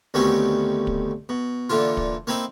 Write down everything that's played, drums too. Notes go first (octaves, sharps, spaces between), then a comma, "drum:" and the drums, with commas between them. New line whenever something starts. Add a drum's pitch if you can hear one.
D2 B2 D#3 G3 C4 C#4
drum: kick
B2
A#2 D3 E3 F4
drum: kick
A#3 C4 D#4 E4 C5